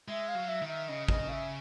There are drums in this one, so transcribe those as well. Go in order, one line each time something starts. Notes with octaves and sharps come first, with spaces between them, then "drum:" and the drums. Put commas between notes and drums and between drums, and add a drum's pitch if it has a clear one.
G#3 E5
F5
F#3
E5
D#3
E5
C#3 D#5
D#5, drum: kick
F5
E5